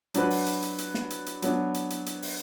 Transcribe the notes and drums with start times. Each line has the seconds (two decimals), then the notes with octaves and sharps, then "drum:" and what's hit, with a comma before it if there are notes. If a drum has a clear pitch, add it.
0.14 F#3 D4 F#4 B4, drum: hi-hat
0.30 drum: open hi-hat
0.46 drum: hi-hat
0.62 drum: hi-hat
0.78 drum: hi-hat
0.94 drum: snare
1.10 drum: hi-hat
1.26 drum: hi-hat
1.42 F#3 B3 D4, drum: hi-hat
1.74 drum: hi-hat
1.90 drum: hi-hat
2.06 drum: hi-hat
2.22 drum: open hi-hat